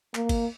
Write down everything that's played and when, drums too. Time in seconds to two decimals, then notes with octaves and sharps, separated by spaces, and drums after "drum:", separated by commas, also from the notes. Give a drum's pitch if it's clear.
0.15 A#3, drum: clap
0.29 drum: kick G#1, cymbal